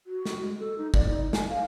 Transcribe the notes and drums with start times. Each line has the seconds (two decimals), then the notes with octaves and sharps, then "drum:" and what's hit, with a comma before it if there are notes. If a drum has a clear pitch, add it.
0.07 F#4
0.25 drum: snare
0.41 G#3
0.60 A4
0.78 D#4
0.94 D5, drum: kick
1.09 D#4
1.33 G#5, drum: snare
1.49 F5